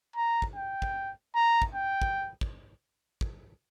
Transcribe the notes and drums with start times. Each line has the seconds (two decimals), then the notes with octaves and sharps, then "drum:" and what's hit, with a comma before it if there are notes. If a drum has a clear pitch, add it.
0.16 A#5
0.42 drum: kick
0.56 G5
0.82 drum: kick
1.35 A#5
1.62 drum: kick
1.75 G5
2.02 drum: kick
2.41 drum: kick
3.21 drum: kick